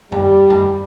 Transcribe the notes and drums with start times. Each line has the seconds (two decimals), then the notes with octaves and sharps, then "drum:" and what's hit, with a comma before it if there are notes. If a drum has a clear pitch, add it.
0.12 G3, drum: tom F#2
0.50 drum: tom F#2